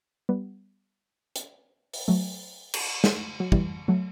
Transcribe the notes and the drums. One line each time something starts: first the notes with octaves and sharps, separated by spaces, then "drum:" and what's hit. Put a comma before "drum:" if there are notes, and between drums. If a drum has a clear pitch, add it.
G3 B3
drum: hi-hat
drum: open hi-hat
F#3 A3
drum: cymbal
drum: snare
F#3
E3 G3, drum: kick
F#3 A3